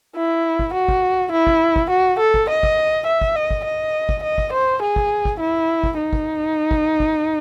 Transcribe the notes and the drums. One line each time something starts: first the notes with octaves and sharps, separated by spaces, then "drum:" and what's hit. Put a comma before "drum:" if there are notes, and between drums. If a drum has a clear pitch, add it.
E4
drum: kick
F#4
drum: kick
E4
drum: kick
drum: kick
F#4
A4
drum: kick
D#5
drum: kick
E5
drum: kick
D#5
drum: kick
D#5
drum: kick
D#5
drum: kick
C5
G#4
drum: kick
drum: kick
E4
drum: kick
D#4
drum: kick
drum: kick
drum: kick